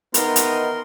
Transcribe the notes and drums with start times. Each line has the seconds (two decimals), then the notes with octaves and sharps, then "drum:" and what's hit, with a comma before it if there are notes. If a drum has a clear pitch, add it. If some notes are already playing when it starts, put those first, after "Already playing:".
0.14 D#3 E3 B3 D#4 A#4 C6, drum: hi-hat
0.36 drum: hi-hat